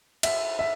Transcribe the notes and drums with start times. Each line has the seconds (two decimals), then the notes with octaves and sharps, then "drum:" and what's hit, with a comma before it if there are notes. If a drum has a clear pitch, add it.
0.23 E5, drum: cymbal
0.59 E5